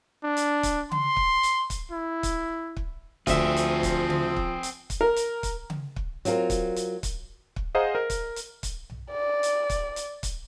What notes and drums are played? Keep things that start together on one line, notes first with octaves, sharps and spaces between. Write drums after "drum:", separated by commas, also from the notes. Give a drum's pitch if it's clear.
D4
drum: hi-hat
drum: kick, hi-hat
C6, drum: tom C#3
drum: kick
drum: hi-hat
drum: kick, hi-hat
E4
drum: kick, hi-hat
drum: kick
D2 F3 C4 G#4 E5, drum: kick, hi-hat
drum: hi-hat
drum: kick, hi-hat
drum: tom C#3
drum: kick
drum: hi-hat
drum: kick, hi-hat
A#4
drum: hi-hat
drum: kick, hi-hat
drum: tom C#3
drum: kick
F#3 C4 F4 A#4, drum: hi-hat
drum: kick, hi-hat
drum: hi-hat
drum: kick, hi-hat
drum: kick
G#4 C5 D#5 F5 F#5 A#5
A#4
drum: kick, hi-hat
drum: hi-hat
drum: kick, hi-hat
drum: tom B1
D5
drum: hi-hat
drum: kick, hi-hat
drum: hi-hat
drum: kick, hi-hat